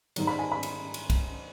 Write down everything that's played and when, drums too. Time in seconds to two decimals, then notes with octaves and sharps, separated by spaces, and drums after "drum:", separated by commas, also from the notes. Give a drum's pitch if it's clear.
0.16 G#2 D#3 G3, drum: cymbal
0.27 B5
0.39 G#5
0.52 B5
0.63 drum: cymbal
0.94 drum: cymbal
1.10 drum: kick, cymbal